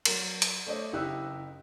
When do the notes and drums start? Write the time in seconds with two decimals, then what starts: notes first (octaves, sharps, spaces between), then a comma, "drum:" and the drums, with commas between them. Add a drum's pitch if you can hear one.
0.05 F#3 A#4, drum: cymbal
0.42 drum: hi-hat
0.67 A3 D4 C5 C#5 D#5
0.93 F#1 D#4 E4 G4 E6 F#6